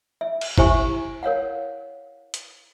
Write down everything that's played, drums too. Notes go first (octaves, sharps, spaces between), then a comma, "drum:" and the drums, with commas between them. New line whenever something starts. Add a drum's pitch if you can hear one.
E5
drum: cymbal
E4 G4 C5 E5 G#5 C#6, drum: kick G1
A#4 C#5 F5 F#5
drum: hi-hat